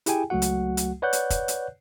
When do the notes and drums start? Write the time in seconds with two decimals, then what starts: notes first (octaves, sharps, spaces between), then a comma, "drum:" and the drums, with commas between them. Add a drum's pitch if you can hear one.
0.06 E4 G4 G#4 G5 G#5, drum: hi-hat
0.30 C#2 F#3 A3 F#4 F#5
0.42 drum: hi-hat
0.77 drum: hi-hat
1.02 B4 C#5 D5 F#5 F#6 G6
1.13 drum: hi-hat
1.30 drum: kick, hi-hat
1.48 drum: hi-hat